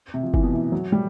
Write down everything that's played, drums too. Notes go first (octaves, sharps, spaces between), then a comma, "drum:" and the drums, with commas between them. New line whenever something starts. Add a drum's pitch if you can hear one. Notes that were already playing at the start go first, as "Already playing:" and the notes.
C3
F3
E3, drum: kick F#1
B2
E3
F#3
G3